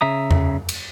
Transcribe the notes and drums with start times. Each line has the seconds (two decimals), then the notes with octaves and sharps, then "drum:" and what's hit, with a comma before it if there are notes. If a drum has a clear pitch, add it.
0.01 C#3 E5 A#5 D#6
0.31 drum: tom E2
0.69 drum: cymbal